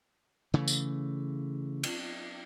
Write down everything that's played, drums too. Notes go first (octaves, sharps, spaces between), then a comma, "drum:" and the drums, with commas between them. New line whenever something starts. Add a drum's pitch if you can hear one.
C#3 E3 A3
drum: tambourine
drum: cymbal